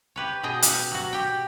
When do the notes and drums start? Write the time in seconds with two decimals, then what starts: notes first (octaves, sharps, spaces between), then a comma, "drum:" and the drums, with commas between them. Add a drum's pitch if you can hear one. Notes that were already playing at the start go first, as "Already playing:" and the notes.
0.16 G4 B4 C#5
0.43 B2 G#4 D#5 G5
0.62 G4 F5 F#5, drum: hi-hat
0.91 F#3 F#4
1.13 G4 G5